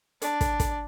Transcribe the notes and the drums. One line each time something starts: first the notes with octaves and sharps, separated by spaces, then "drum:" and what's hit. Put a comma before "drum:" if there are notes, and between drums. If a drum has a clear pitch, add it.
D4, drum: hi-hat
drum: kick, hi-hat
drum: kick, hi-hat